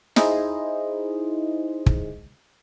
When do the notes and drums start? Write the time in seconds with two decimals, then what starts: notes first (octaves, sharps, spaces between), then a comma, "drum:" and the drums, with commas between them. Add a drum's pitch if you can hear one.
0.16 D#4 E4 G#4 C5 D#5, drum: snare
1.86 drum: kick